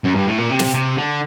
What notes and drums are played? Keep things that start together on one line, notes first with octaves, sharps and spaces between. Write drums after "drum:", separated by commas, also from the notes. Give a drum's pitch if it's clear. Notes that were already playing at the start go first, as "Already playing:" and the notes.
F#2
G2
A2
A#2
C3
drum: snare
C3
D3